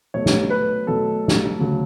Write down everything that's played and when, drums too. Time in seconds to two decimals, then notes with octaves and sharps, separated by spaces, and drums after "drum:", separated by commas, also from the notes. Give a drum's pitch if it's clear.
0.14 B2 F#3 A3 C#5
0.26 drum: snare
0.50 B4
0.87 B2 F#3 A3 A4
1.28 drum: snare
1.59 D2 C#3 F#3